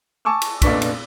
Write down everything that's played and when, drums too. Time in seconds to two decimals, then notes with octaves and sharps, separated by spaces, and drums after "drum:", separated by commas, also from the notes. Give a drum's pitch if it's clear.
0.25 G#5 A5 C#6 D6 E6
0.42 drum: cymbal
0.62 F1 A#2 B3 D4 C#6 B6, drum: kick, cymbal
0.82 drum: cymbal